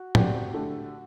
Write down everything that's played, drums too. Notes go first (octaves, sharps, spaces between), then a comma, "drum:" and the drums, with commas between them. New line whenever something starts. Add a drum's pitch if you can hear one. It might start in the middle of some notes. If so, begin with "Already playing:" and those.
Already playing: F#4
A3 C4 F#4 G4 D5, drum: tom
D3 A3 D4 G4